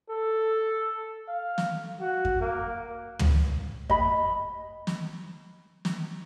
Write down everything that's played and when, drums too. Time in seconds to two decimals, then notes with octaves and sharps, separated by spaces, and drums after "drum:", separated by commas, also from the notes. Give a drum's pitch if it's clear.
0.10 A4
1.29 F5
1.58 drum: snare
2.00 F#4
2.25 drum: kick F2
2.40 A#3
3.19 drum: tom
3.90 D#5 B5, drum: kick F2
4.87 drum: snare
5.85 drum: snare